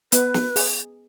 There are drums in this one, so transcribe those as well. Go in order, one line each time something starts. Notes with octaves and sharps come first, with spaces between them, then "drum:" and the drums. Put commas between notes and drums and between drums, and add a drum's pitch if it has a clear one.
B3 B4, drum: hi-hat
drum: snare
G#4, drum: open hi-hat